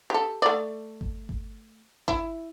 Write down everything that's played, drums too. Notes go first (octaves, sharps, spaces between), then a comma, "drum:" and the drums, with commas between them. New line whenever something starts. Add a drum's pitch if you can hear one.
G4 A4
A3 D5
drum: kick G1
drum: kick G1
E4, drum: kick G1